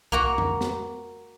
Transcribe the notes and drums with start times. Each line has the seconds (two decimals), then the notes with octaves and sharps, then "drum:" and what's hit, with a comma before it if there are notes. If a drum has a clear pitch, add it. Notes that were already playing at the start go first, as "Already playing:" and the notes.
0.12 A#3 F#4 A#5, drum: kick C2
0.38 drum: tom
0.61 drum: snare